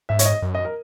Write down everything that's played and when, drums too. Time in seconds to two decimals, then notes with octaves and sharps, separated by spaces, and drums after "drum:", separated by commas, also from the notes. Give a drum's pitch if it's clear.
0.09 G#2 E5
0.19 C#5, drum: hi-hat
0.26 D#5
0.42 F#2
0.55 D#5
0.65 A#4